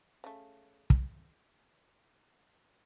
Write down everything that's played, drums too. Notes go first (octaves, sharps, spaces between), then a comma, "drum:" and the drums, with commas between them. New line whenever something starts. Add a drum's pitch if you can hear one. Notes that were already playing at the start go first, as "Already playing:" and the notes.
C#3 A3
drum: kick